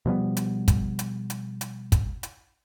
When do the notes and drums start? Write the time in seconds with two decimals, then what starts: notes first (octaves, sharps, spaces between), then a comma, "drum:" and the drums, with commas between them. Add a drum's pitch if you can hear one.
0.06 B2 F3 G3 B3
0.37 drum: hi-hat
0.68 drum: kick, hi-hat
0.99 drum: hi-hat
1.30 drum: hi-hat
1.61 drum: hi-hat
1.92 drum: kick, hi-hat
2.23 drum: hi-hat